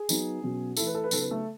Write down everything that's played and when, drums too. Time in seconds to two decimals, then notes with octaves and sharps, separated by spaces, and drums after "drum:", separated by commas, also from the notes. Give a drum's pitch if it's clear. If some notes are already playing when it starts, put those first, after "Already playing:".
Already playing: G#4
0.09 F#3 B3 D#4, drum: tambourine
0.42 B2 F#3 C#4
0.77 E3 A3 E4 A4, drum: tambourine
0.87 B4
0.95 A4
1.04 B4
1.11 C#3 F#3 B3 D#4 A4, drum: tambourine
1.21 B4
1.31 A3 A4